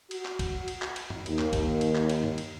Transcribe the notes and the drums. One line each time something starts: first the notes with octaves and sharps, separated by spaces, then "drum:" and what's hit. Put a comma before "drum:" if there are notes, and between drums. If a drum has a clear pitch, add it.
F#4, drum: cymbal
drum: clap
drum: kick, cymbal
drum: cymbal
drum: clap
drum: cymbal
drum: tom F#2
D#2, drum: cymbal
drum: clap
drum: kick, cymbal
drum: cymbal
drum: clap
drum: cymbal
drum: tom G2
drum: cymbal